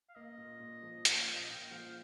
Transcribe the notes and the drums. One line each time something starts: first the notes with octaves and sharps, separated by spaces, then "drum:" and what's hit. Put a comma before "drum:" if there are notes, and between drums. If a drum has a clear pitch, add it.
F5
A#3 D#5
A#2
A#2
F3
A#3, drum: hi-hat
G5
F5
A#2 D#5
A#2 G5
F3 F5